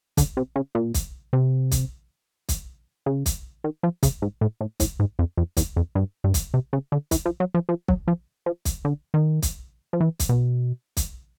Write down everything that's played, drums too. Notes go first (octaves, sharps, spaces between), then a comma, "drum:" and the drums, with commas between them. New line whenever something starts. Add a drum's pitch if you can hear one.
D3, drum: kick, hi-hat
C3
C#3
A#2
drum: kick, hi-hat
C3
drum: kick, hi-hat
drum: kick, hi-hat
C#3
drum: kick, hi-hat
D#3
F3
C#3, drum: kick, hi-hat
G#2
A2
A2
A2, drum: kick, hi-hat
G#2
F2
F2
E2, drum: kick, hi-hat
F2
G2
G2
drum: kick, hi-hat
C3
C#3
D3
E3, drum: kick, hi-hat
F3
F#3
F3
F3
F#3, drum: kick
F3
F3
drum: kick, hi-hat
D3
D#3
drum: kick, hi-hat
F3
E3
drum: kick, hi-hat
B2
drum: kick, hi-hat